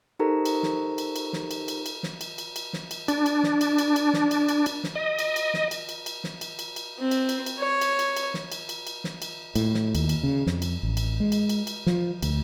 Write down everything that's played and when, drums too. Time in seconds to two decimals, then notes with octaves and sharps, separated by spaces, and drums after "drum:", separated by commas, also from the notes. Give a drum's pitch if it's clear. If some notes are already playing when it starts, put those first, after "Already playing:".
0.19 D#4 G4 A4 A#4 C5 A#5
0.45 drum: cymbal
0.63 drum: snare
0.98 drum: cymbal
1.16 drum: cymbal
1.33 drum: snare
1.51 drum: cymbal
1.68 drum: cymbal
1.86 drum: cymbal
2.03 drum: snare
2.21 drum: cymbal
2.38 drum: cymbal
2.56 drum: cymbal
2.73 drum: snare
2.91 drum: cymbal
3.08 D4, drum: cymbal
3.26 drum: cymbal
3.43 drum: snare
3.61 drum: cymbal
3.78 drum: cymbal
3.96 drum: cymbal
4.13 drum: snare
4.31 drum: cymbal
4.49 drum: cymbal
4.66 drum: cymbal
4.84 drum: snare
4.95 D#5
5.19 drum: cymbal
5.36 drum: cymbal
5.54 drum: snare
5.71 drum: cymbal
5.89 drum: cymbal
6.06 drum: cymbal
6.24 drum: snare
6.41 drum: cymbal
6.59 drum: cymbal
6.76 drum: cymbal
6.99 C4
7.11 drum: cymbal
7.29 drum: cymbal
7.46 drum: cymbal
7.59 C#5
7.81 drum: cymbal
7.99 drum: cymbal
8.17 drum: cymbal
8.34 drum: snare
8.52 drum: cymbal
8.69 drum: cymbal
8.87 drum: cymbal
9.04 drum: snare
9.22 drum: cymbal
9.55 A2, drum: cymbal
9.74 drum: snare
9.95 D#2, drum: cymbal
10.09 drum: cymbal
10.23 C#3
10.47 F2, drum: snare
10.62 drum: cymbal
10.83 A1
10.97 drum: cymbal
11.20 G#3
11.32 drum: cymbal
11.49 drum: cymbal
11.67 drum: cymbal
11.87 F3, drum: snare
12.22 D2, drum: cymbal